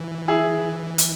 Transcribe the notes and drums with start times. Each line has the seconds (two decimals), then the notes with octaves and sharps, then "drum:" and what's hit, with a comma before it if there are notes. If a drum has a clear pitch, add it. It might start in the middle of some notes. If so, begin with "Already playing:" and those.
Already playing: E3
0.28 E4 G#4
0.98 drum: hi-hat